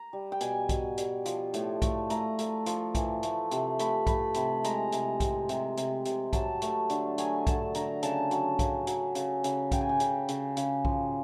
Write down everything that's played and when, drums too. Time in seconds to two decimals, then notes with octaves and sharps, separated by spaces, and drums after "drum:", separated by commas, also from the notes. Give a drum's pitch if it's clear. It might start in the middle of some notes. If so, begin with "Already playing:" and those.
Already playing: A#5
0.13 G3
0.32 G5
0.41 B2 G#5, drum: hi-hat
0.69 B2, drum: kick B1, hi-hat
0.98 G3, drum: hi-hat
1.25 F3, drum: hi-hat
1.54 A2, drum: hi-hat
1.82 A3, drum: kick B1, hi-hat
2.10 A3 A#5, drum: hi-hat
2.39 A3, drum: hi-hat
2.66 F3, drum: hi-hat
2.95 E3, drum: kick B1, hi-hat
3.23 A3, drum: hi-hat
3.51 C3, drum: hi-hat
3.79 A3 B5, drum: hi-hat
4.07 A3 B5, drum: kick B1, hi-hat
4.34 C3 B5, drum: hi-hat
4.64 G#3 A#5, drum: hi-hat
4.92 C3, drum: hi-hat
5.20 C3, drum: kick B1, hi-hat
5.49 C3, drum: hi-hat
5.77 C3, drum: hi-hat
6.05 C3, drum: hi-hat
6.33 F#3 A5, drum: kick B1, hi-hat
6.62 A3, drum: hi-hat
6.90 D3, drum: hi-hat
7.18 F#3 G#5, drum: hi-hat
7.47 D3 A5, drum: kick B1, hi-hat
7.75 D3 A#5, drum: hi-hat
8.03 C#3 A5, drum: hi-hat
8.31 F#3, drum: hi-hat
8.59 C#3, drum: kick B1, hi-hat
8.87 F#3, drum: hi-hat
9.15 C#3, drum: hi-hat
9.44 C#3, drum: hi-hat
9.72 C#3 G5, drum: kick B1, hi-hat
9.81 G#5
9.89 G5
10.00 C#3, drum: hi-hat
10.29 C#3, drum: hi-hat
10.57 C#3, drum: hi-hat
10.85 F3, drum: kick B1